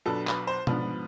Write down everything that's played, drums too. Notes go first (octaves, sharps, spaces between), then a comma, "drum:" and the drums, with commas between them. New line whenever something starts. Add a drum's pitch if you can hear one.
B1 B2 B3 D4 A4
B4, drum: clap
C5
G#2 F3 B3 D4, drum: tom B2